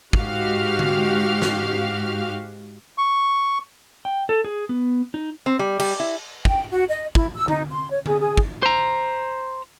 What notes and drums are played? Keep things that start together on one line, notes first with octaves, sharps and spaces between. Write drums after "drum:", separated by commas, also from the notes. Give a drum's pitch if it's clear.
G#2 F#4 G4 F5 F6, drum: kick
drum: tom D3
drum: snare
C#6
G5
A4
G#4
B3
D#4
C4
G3
G3, drum: cymbal
E4
G5, drum: kick
F#4
D#5
E4, drum: kick
E6
D#4, drum: tom D3
C6
C#5
G#4, drum: tom D3
G#4
drum: kick
C5 A#5